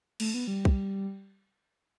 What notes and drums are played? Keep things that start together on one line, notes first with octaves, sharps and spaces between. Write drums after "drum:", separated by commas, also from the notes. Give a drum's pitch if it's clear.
A3, drum: cymbal
B3
G3
drum: kick